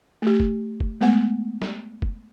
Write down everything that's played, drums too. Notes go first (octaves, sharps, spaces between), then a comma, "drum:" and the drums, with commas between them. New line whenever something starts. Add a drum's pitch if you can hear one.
A3 G4
drum: kick
drum: kick
G#3 A3 B3 F#5
drum: snare
drum: kick